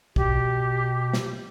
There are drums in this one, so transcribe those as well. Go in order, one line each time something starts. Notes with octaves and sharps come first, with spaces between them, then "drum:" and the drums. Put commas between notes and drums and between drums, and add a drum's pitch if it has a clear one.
B2 G4, drum: kick B1
drum: snare